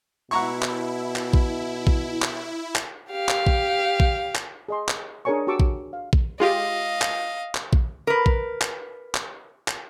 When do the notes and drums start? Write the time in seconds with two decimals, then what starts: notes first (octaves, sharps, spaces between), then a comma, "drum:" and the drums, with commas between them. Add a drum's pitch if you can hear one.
0.31 B2 E4 F#5 A#5 C#6
0.62 drum: clap
1.16 drum: clap
1.33 drum: kick A#1
1.87 drum: kick A#1
2.22 drum: clap
2.75 drum: clap
3.11 G4 F5
3.29 drum: clap
3.46 drum: kick A#1
4.00 drum: kick A#1
4.35 drum: clap
4.68 G#4 D#5 C6
4.89 drum: clap
5.25 D4 G#4 A#4 C#5 G#5 C#6
5.47 F#4 G4 A5 C#6 D6 E6
5.60 drum: kick A#1
5.93 F5
6.13 drum: kick A#1
6.40 G#3 F4 G4 D#5 F5
7.02 drum: clap
7.55 drum: clap
7.73 drum: kick A#1
8.07 A#4 B4
8.26 drum: kick A#1
8.61 drum: clap
9.15 drum: clap
9.68 drum: clap